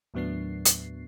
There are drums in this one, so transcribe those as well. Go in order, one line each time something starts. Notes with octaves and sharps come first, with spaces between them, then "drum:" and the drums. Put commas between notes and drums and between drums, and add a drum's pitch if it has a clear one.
D#2 A2 F#3 B3 D4 C7
drum: hi-hat